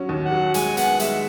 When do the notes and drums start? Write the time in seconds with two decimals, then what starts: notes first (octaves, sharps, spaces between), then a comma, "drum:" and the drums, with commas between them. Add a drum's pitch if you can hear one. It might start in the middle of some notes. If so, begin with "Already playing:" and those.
Already playing: F#3 C#4
0.09 D#2
0.25 F#5
0.32 F#3
0.54 G#3 G#5, drum: hi-hat
0.77 B3 F#5, drum: hi-hat
0.99 G#3 E5, drum: hi-hat